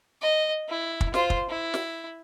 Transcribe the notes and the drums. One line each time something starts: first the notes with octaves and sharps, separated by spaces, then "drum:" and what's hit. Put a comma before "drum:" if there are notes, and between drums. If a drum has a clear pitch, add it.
D#5
E4
drum: kick
F4 C5, drum: snare
drum: kick
E4
drum: snare